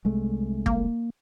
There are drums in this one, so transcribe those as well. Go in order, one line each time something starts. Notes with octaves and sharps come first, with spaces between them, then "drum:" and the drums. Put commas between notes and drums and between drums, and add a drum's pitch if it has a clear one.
C2 G#3 A3
A#3, drum: kick